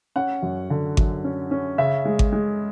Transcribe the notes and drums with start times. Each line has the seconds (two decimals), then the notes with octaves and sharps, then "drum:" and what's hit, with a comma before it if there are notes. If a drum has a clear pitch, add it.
0.16 C#4 F#5
0.43 F#2
0.70 D3
0.97 F#2, drum: kick G#1
1.24 C#4
1.51 C#4
1.78 C#3 E5
2.05 G#3
2.19 drum: kick G#1
2.32 G#3